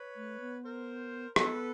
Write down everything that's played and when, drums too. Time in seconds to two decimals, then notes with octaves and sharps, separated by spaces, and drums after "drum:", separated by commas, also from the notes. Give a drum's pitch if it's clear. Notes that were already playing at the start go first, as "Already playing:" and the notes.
Already playing: B4 C#5
0.16 A3
0.40 B3
0.64 A#4 C5
1.36 B3 A4 B4, drum: rim click